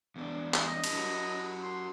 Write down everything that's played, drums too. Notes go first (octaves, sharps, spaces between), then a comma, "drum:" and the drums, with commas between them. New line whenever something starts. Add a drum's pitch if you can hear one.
E2 D4
drum: clap
D#5
drum: cymbal
F#2 F#3
C6